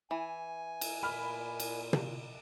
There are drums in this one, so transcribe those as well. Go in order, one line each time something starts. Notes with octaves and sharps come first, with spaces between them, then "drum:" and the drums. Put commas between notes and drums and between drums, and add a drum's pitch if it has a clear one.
E3 G#5
drum: cymbal
A#2 B5 F6
drum: cymbal
drum: tom